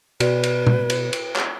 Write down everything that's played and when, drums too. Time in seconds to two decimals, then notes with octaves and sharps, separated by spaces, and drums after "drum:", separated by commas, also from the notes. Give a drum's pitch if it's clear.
0.20 B2 F#4 B4 D5, drum: cymbal
0.43 drum: cymbal
0.67 drum: tom A#2
0.90 drum: cymbal
1.13 drum: cymbal
1.36 drum: clap